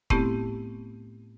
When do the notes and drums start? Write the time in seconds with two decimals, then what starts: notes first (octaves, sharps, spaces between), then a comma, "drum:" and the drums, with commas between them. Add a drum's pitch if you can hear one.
0.10 A2 A3 B3 C4 E4 G4, drum: kick E1